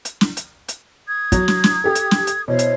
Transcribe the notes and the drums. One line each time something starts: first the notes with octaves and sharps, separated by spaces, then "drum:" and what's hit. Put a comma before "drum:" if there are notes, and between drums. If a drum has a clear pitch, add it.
drum: hi-hat
drum: snare
drum: hi-hat
drum: hi-hat
D#6 G#6
F#3, drum: kick, hi-hat
drum: snare
drum: snare
G4 A4
drum: hi-hat
drum: snare
drum: hi-hat
B2 E4 C5 C#5
drum: hi-hat